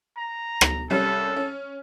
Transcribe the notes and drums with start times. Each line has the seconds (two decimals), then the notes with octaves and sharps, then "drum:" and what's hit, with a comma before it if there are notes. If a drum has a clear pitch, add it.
0.18 A#5
0.61 drum: rim click
0.90 C2 G3 C#4 A4
1.37 C#4